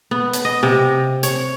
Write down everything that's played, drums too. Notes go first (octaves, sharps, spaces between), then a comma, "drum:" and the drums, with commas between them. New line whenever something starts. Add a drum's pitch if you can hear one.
B3
drum: hi-hat
D#5
C3
C#5, drum: hi-hat